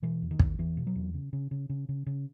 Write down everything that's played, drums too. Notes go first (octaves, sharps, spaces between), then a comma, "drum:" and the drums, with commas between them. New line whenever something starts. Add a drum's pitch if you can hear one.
B2 E3
E2
D#3
E2, drum: kick
E2 E3
B2
F#3
E2
C#3
C#3
C#3
C#3
C#3
C#3